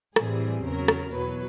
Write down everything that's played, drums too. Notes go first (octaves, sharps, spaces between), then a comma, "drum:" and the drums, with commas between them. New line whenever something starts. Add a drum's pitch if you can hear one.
A2 E3 G3 C4 G#4, drum: rim click
E2 C#3 F#3 A#4
drum: rim click
E2 B2 F#3 B4